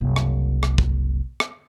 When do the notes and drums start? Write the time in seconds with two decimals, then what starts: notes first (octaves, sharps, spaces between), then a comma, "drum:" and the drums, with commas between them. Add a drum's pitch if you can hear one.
0.01 F#1 C2
0.16 drum: rim click
0.63 drum: rim click
0.78 drum: kick
1.40 drum: rim click